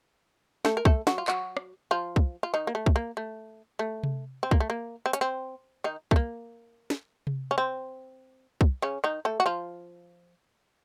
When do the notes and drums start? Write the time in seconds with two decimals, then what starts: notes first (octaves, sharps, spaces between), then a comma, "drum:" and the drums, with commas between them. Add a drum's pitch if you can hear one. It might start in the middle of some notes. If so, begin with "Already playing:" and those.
0.65 A3 A4, drum: snare
0.77 A#4
0.85 A3 A4, drum: kick
1.07 F#3 F#4, drum: snare
1.18 F4
1.28 F#3 F#4, drum: clap
1.57 drum: rim click
1.91 F3 F4
2.16 drum: kick
2.43 F4
2.54 D#3 D#4
2.67 A#3
2.75 A3
2.86 drum: kick
2.96 A#3
3.17 A3
3.79 A3
4.03 drum: tom C3
4.43 C4
4.51 A#3, drum: kick
4.60 A3
4.70 A#3
5.06 C4
5.13 C#4, drum: hi-hat
5.21 C4
5.84 D#3 D#4
6.11 A3, drum: kick
6.16 A#3
6.90 drum: snare
7.27 drum: tom C3
7.51 C#4
7.58 C4
8.61 drum: kick
8.82 C#3 C#4
9.04 D#3 D#4
9.25 A3 A4
9.40 F#4
9.46 F3 F4